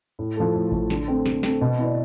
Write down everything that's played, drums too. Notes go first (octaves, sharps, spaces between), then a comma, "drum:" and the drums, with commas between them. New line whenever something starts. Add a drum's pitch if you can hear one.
A2
F3 A3
A2
F3 A3, drum: kick A1
D3, drum: snare
A3 C4
D3, drum: snare
A3 C4, drum: snare
B2
B3 E4 B4 D5